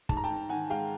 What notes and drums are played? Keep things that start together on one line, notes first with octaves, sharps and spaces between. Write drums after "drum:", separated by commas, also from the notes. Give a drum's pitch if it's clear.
G#2 A5, drum: kick
A#5
G5 A5
G#2
D#3 F#5 G#5
G#3 F5 G5